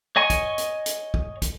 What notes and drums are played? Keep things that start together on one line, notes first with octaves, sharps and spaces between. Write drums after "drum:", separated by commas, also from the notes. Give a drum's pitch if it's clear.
C#5 D#5 G#5 C#6
drum: kick, hi-hat
drum: hi-hat
drum: hi-hat
drum: kick
drum: kick, hi-hat